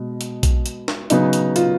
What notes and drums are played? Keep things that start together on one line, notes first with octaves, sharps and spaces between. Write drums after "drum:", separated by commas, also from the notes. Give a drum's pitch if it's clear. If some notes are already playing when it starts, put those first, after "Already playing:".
Already playing: B2 G#3
drum: hi-hat
drum: kick B1, hi-hat
drum: hi-hat
drum: snare
C#3 F#3 B3 D#4, drum: hi-hat
drum: hi-hat
F4, drum: hi-hat